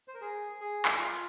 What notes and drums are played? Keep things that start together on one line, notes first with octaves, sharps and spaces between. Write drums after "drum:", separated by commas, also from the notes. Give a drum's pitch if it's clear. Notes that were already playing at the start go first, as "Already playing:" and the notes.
C5
A#4
G#4
G#4
drum: clap
F4